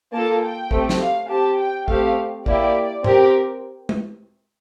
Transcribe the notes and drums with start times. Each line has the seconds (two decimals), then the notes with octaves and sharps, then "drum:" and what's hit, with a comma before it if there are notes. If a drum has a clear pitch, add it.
0.12 A#3 F4 A4 A5
0.42 G5
0.71 A3 C4 G4, drum: kick
0.89 drum: snare
1.00 F5
1.29 C4 G4 A5
1.59 G5
1.88 A3 C4 G4 F5, drum: kick
2.46 A#3 E4 G4 D5, drum: kick
3.04 C4 G4 A#4, drum: tom G#2
3.89 drum: tom